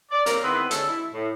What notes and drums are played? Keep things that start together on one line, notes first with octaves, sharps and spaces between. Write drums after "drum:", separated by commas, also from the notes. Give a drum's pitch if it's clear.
D5
A#3 C4 C#4 A#4, drum: hi-hat
D#3 B3 C4 E4 G#4 B4
D3 G#3 C#4 A4, drum: hi-hat
E4
A2